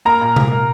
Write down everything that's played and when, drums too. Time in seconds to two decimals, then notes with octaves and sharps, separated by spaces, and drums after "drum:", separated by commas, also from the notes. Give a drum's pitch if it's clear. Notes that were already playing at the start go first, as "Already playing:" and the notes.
0.05 A#3 A#4 A#5
0.21 A#2
0.36 A#2, drum: tom C3
0.51 A#3